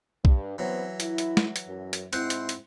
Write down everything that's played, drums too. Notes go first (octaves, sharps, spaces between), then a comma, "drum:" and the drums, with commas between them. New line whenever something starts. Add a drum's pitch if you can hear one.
G2, drum: kick B1
E3 F#3 B3 C4
E4, drum: hi-hat
drum: hi-hat
drum: snare
drum: hi-hat
F#2
drum: hi-hat
G#2 C4 E4 C5 F#5, drum: hi-hat
drum: hi-hat
drum: hi-hat